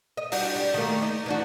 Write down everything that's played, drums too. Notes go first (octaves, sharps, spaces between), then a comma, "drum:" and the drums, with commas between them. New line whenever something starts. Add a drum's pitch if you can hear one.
D#5
G3 D4 F#4, drum: open hi-hat
G3
D#3 A3 A#3
D#4
E3 D4 F#4